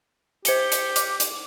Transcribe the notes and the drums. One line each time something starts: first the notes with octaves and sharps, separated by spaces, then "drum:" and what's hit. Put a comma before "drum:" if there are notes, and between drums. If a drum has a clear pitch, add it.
G4 C5 C#7 G7, drum: hi-hat
drum: hi-hat
D6, drum: hi-hat
drum: hi-hat